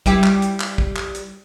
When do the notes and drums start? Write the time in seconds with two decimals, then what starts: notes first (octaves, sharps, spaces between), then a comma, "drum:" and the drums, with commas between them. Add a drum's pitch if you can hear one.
0.06 G3 E4 G4, drum: kick, hi-hat
0.24 drum: clap
0.42 drum: hi-hat
0.60 drum: clap
0.78 drum: kick
0.96 drum: clap
1.15 drum: hi-hat